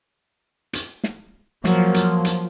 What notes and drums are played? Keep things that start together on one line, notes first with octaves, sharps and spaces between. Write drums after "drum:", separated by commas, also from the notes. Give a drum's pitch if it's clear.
drum: hi-hat
drum: snare
F3 F#3 A#3, drum: snare
drum: hi-hat
drum: hi-hat